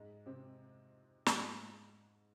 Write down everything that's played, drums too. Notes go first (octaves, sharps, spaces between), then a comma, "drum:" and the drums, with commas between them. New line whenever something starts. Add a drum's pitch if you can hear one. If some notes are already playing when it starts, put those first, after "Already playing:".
Already playing: G#2 G#3
C3 C4
G#2 G#3, drum: snare